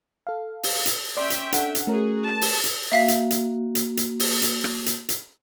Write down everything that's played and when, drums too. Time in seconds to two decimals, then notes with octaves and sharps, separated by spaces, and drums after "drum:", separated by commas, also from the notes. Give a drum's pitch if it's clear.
0.27 A4 F5
0.63 drum: open hi-hat
0.86 drum: hi-hat
1.17 C#4 D5 E5 G5 C6
1.30 drum: hi-hat
1.52 D4 A4 F#5, drum: hi-hat
1.75 drum: hi-hat
1.87 A3 C#4 F#4 G#4 A#4
2.27 A5
2.41 drum: open hi-hat
2.64 drum: hi-hat
2.92 A#3 F#4 E5 F5 B6
3.08 drum: hi-hat
3.30 drum: hi-hat
3.75 drum: hi-hat
3.97 drum: hi-hat
4.20 drum: open hi-hat
4.42 drum: hi-hat
4.64 drum: rim click
4.86 drum: hi-hat
5.09 drum: hi-hat